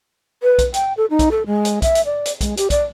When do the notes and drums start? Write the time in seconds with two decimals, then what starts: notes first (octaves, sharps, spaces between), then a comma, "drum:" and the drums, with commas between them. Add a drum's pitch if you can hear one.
0.43 B4
0.59 drum: kick, hi-hat
0.74 G5, drum: hi-hat
0.97 A4
1.10 D#4
1.19 drum: kick, hi-hat
1.31 A4
1.46 G#3
1.65 drum: hi-hat
1.82 E5, drum: kick, hi-hat
1.95 drum: hi-hat
2.05 D5
2.25 drum: hi-hat
2.41 G#3, drum: kick, hi-hat
2.57 G4, drum: hi-hat
2.70 D5, drum: kick, hi-hat